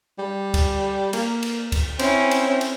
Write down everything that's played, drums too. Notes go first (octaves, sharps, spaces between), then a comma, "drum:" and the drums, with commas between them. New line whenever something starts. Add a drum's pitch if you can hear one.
G3
drum: kick C#2, cymbal
A#3, drum: cymbal
drum: cymbal
drum: kick C#2, cymbal
C4 C#4 E4, drum: cymbal
drum: cymbal
drum: cymbal